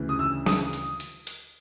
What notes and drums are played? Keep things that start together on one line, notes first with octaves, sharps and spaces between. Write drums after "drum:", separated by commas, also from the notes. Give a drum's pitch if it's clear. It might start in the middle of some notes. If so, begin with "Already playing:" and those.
Already playing: D2 C#3 E3
D#6
E6
D#6, drum: snare
drum: hi-hat
drum: hi-hat
drum: hi-hat